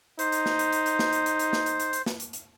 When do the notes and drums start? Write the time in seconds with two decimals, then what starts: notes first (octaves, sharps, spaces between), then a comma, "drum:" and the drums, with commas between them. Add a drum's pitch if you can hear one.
0.19 D#4 C5, drum: hi-hat
0.32 drum: hi-hat
0.46 drum: snare
0.59 drum: hi-hat
0.72 drum: hi-hat
0.86 drum: hi-hat
0.99 drum: snare
1.13 drum: hi-hat
1.26 drum: hi-hat
1.39 drum: hi-hat
1.53 drum: snare
1.66 drum: hi-hat
1.80 drum: hi-hat
1.93 drum: hi-hat
2.06 drum: snare
2.20 drum: hi-hat
2.33 drum: hi-hat